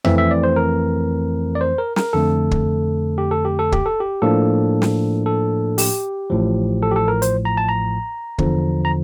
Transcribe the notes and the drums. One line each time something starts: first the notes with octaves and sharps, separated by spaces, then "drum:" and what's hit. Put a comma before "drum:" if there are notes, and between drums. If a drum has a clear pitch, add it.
F2 E3 A3 C4 E5, drum: tom F2
E5
D5
C5
A#4
D5
C5
A#4
A#4, drum: snare
F2 D3 A3 A4
drum: kick
G4
A4
G4
A4
G4, drum: kick
A4
G4
A2 F3 A#3 D4 A4
drum: snare
A4
G4, drum: open hi-hat
A1 A2 F3
A4
G4
A4
A#4
C5, drum: hi-hat
A#5
A5
A#5
E2 D3 F3, drum: kick
A#5